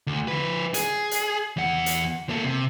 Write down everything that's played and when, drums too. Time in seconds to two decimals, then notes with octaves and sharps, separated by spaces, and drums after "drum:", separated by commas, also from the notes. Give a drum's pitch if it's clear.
0.07 D2
0.28 F3 B4
0.74 G#4, drum: hi-hat
1.11 drum: hi-hat
1.57 E2 F#5
1.86 drum: hi-hat
2.29 A#3 A4
2.44 C3